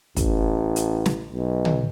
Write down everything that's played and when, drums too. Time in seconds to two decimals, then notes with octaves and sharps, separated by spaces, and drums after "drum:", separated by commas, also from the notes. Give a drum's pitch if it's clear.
0.16 A1, drum: kick, hi-hat
0.76 drum: hi-hat
1.06 drum: snare
1.32 B1
1.65 drum: tom